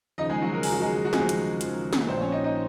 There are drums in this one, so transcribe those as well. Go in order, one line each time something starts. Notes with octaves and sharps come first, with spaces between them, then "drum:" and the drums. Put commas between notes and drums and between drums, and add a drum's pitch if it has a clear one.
D#2 C#3 F3 D#4 D#5
G#3 G#4
F#3 F#4
A#4
D#2 C#3 F3 G#4, drum: open hi-hat
F#4
G#3 G#4
F#4
D#2 C#3 F3 G#3 G#4, drum: snare
drum: hi-hat
D#2 C#3 F3, drum: hi-hat
drum: snare
A#1 A#2 F3 C4 C5
C#4 C#5
D#4 D#5
D#4 D#5